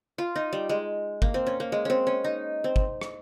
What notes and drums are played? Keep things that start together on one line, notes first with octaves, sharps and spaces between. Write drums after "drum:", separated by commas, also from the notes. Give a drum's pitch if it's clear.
F4
D#4
G3
G#3
A#3, drum: kick G1
C4
C#4
A#3
G#3
C4 C#4
C#4
D#4
C4
drum: kick G1
drum: rim click